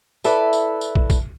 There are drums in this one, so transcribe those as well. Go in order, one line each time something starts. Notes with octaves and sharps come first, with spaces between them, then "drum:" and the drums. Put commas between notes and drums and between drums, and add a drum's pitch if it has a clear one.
E4 A4 B4 D5, drum: tambourine
drum: tambourine
drum: tambourine
drum: kick
drum: kick, tambourine